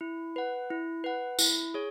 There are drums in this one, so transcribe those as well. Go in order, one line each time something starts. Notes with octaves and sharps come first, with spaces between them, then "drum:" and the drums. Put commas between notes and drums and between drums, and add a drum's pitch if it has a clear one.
E4
B4 F#5
E4
B4 F#5
E4, drum: tambourine
G#4 C#5